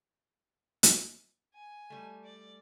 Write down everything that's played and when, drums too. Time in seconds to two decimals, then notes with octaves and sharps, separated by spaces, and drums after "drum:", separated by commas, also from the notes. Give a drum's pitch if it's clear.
0.83 drum: hi-hat
1.54 G#5
1.90 G3 A3
2.24 D5